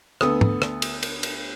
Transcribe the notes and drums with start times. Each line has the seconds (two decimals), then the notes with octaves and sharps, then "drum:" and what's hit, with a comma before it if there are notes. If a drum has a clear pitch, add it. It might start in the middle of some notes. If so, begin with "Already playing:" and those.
0.21 D2 B3 A4 D#6, drum: rim click
0.41 drum: tom
0.62 drum: rim click
0.82 drum: cymbal
1.03 drum: cymbal
1.23 drum: cymbal